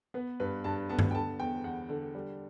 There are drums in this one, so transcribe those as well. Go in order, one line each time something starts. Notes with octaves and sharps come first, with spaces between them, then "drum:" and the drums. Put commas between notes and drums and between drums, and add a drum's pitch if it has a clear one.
B3 B4
G2 B4
G2 A5
B3 A5
drum: tom G2
G5
D3 A5
E2 G5
E2 F#5
D3
G3